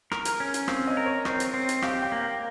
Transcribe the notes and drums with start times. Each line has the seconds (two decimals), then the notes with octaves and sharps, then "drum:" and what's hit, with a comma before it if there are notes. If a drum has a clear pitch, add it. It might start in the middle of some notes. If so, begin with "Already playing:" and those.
0.12 A#4, drum: rim click
0.25 drum: hi-hat
0.40 C#4
0.54 drum: hi-hat
0.68 C4 F5, drum: rim click
0.87 D#5
0.97 A#4
1.06 C#5
1.25 C4 C#5, drum: rim click
1.40 drum: hi-hat
1.54 C4
1.69 drum: hi-hat
1.82 G4 F5, drum: rim click
2.02 G5
2.12 A#3
2.22 F5